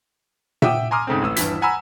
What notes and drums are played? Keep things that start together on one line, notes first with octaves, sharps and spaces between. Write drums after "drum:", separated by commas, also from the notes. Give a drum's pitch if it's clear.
E5 F#5 G5 D6 D#6, drum: tom A#2
G#5 A#5 C6 D6 D#6 F6
G#2 C#3 A3 C4
A1 A2 D#6 E6
D#1 G2 E3 B6, drum: hi-hat
F#5 G#5 A#5 B5 E6